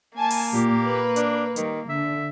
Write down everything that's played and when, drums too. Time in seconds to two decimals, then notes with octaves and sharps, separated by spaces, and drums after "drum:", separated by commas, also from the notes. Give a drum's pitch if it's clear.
0.17 A#3 G#5 A5
0.31 drum: open hi-hat
0.53 A#2 G4
0.85 B4
1.16 D4, drum: hi-hat
1.56 D#3 G3, drum: hi-hat
1.89 D3 E5